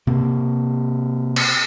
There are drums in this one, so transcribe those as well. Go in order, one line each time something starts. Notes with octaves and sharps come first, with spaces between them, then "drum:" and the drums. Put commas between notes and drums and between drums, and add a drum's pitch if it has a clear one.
C3 A#3
drum: cymbal